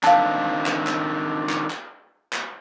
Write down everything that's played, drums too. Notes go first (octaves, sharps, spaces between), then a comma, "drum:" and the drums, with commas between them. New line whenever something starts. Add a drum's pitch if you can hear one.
D#3 C4 D4 F5 A5, drum: clap
drum: clap
drum: clap
drum: clap
drum: clap
drum: clap